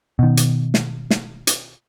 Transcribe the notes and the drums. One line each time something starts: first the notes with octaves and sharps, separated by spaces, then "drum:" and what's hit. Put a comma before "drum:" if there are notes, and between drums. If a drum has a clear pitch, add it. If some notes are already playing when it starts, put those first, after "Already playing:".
B2 D#3
drum: hi-hat
drum: snare
drum: snare
drum: hi-hat